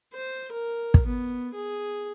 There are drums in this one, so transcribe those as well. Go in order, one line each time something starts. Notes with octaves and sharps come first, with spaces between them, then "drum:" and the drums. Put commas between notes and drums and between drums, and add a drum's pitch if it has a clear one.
C5
A#4
drum: kick
B3
G#4